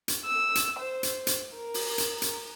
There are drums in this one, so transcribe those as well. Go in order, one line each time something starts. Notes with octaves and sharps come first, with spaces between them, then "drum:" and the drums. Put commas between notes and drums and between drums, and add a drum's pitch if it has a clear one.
drum: hi-hat
E6
drum: hi-hat
C5
drum: hi-hat
drum: hi-hat
A#4
drum: open hi-hat
drum: hi-hat
drum: hi-hat